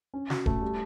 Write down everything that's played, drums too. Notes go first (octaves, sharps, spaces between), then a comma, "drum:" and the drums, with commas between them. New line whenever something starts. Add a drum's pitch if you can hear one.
C#4
F#4, drum: snare
A3, drum: kick
G3